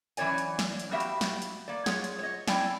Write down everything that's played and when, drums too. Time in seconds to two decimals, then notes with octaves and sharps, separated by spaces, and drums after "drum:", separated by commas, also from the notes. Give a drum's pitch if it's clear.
0.17 F#2 E3 G#3 C#5 D5 G#5, drum: hi-hat
0.38 drum: hi-hat
0.59 drum: snare
0.80 drum: hi-hat
0.91 G3 B3 F#4 G4 E5 F5
1.00 drum: hi-hat
1.21 drum: snare
1.42 drum: hi-hat
1.68 A#3 D5
1.86 F4 G#4 C#5 F#5, drum: snare
2.04 drum: hi-hat
2.19 C#5 D#5
2.47 C4 E4 D5 G5 G#5, drum: snare